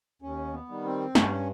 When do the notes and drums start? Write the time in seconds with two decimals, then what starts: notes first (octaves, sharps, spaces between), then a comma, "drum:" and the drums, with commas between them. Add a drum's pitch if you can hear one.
0.22 D#2 C#4
0.53 B3
0.69 D#3 G3
0.85 C4
1.15 G2 C#4, drum: snare